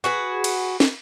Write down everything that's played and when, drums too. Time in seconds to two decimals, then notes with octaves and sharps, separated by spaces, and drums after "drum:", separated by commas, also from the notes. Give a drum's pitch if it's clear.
0.04 F#4 G#4 B4
0.44 drum: cymbal
0.80 drum: snare